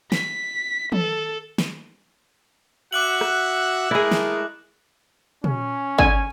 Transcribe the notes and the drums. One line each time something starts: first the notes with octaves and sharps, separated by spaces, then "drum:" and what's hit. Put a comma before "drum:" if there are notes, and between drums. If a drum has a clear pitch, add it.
B6, drum: snare
A4, drum: tom
drum: snare
F#4 E5 F#5 D6 F#6 F#7
drum: rim click
G#3 A3 E4 G#4 A#4
drum: snare
C#4, drum: tom
D3 G#5, drum: kick